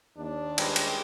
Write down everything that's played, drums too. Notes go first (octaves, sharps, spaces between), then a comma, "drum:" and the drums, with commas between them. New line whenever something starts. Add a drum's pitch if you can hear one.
D#2 D4
G3 G#3 A#3, drum: cymbal
drum: cymbal